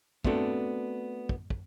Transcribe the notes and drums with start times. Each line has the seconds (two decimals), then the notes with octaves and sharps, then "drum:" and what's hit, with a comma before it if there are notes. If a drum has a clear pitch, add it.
0.24 A3 B3 C4 D4 F#4 A4, drum: kick
1.29 drum: kick
1.50 drum: kick